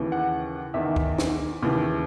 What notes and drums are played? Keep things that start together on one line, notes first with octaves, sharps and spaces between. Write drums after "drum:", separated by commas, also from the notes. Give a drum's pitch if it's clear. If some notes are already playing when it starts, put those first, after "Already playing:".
Already playing: D#2 C#3 E3
F#5
E2 D#3 E5
drum: kick
drum: snare
D#2 C#3 E3